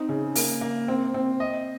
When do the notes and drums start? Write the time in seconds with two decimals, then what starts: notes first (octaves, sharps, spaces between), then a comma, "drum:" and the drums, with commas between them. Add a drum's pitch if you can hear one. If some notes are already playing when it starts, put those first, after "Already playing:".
Already playing: C4 D#4
0.09 C#3
0.35 A#3, drum: open hi-hat
0.61 A#3
0.88 C4
1.14 C4
1.40 D#5